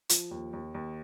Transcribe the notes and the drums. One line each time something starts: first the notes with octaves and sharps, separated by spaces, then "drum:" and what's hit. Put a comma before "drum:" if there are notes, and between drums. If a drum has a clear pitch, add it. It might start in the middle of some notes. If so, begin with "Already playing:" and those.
F3, drum: hi-hat
D#2
D#2
D#2